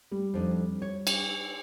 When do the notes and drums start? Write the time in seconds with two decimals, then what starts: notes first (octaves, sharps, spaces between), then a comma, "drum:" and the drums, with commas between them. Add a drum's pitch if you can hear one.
0.11 G3
0.34 F2 D4 D#4
0.82 C#5
1.07 drum: cymbal